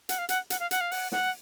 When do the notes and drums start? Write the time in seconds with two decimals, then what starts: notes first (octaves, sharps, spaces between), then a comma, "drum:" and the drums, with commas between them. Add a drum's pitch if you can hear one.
0.09 F#5, drum: hi-hat
0.18 F5
0.29 F#5, drum: hi-hat
0.50 F#5, drum: hi-hat
0.60 F5
0.71 F#5, drum: hi-hat
0.81 F5
0.91 F#5, drum: open hi-hat
1.12 F#5, drum: snare